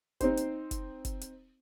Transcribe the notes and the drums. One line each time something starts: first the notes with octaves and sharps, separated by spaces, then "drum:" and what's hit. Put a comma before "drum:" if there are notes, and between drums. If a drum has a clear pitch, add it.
C4 D#4 C5, drum: kick, hi-hat
drum: hi-hat
drum: kick, hi-hat
drum: kick, hi-hat
drum: hi-hat